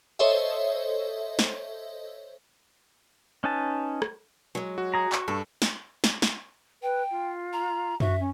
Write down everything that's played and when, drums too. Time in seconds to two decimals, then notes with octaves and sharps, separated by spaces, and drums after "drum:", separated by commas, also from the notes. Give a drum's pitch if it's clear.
0.19 A4 C5 C#5 D#5 E5
1.39 drum: snare
3.44 C#4 D#4 B4 G#5 A5
4.02 drum: rim click
4.55 F#3 G#3
4.78 F#4
4.94 G#4 A#5
5.12 C#6, drum: clap
5.28 G2 A4
5.62 drum: snare
6.04 drum: snare
6.22 drum: snare
6.82 B4 G5
7.11 F4
7.53 A#5
8.00 F#4 E5, drum: tom F#2
8.20 C#4